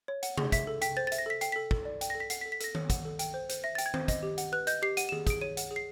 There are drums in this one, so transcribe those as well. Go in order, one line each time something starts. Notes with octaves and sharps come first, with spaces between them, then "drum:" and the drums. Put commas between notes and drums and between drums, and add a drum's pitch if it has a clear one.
C#5
F#5, drum: hi-hat
G#4, drum: tom C3
E5 B6, drum: kick, hi-hat
A4
G5 B6, drum: hi-hat
C5 A6
A6
E5, drum: hi-hat
A#6
A4 B6
G5 C7, drum: hi-hat
A4 B6
A4, drum: kick
D5
G5, drum: hi-hat
A4 A#6
B6
F#5 C7, drum: hi-hat
B6
A4
B6
A4 A#6, drum: hi-hat
C#5, drum: tom D#3
F#5, drum: kick, hi-hat
A4
G5, drum: hi-hat
C5
C5, drum: hi-hat
E5 A#6
A6
G5, drum: hi-hat
G#6
C5, drum: tom
D#5, drum: kick, hi-hat
G4
F#5, drum: hi-hat
B4 F#6
D#5 G6, drum: hi-hat
G4 C7
F#5 D#7, drum: hi-hat
E7
G#4, drum: tom D#3
G#4 D7, drum: kick, hi-hat
C#5 D#7
F#5, drum: hi-hat
G#4
C7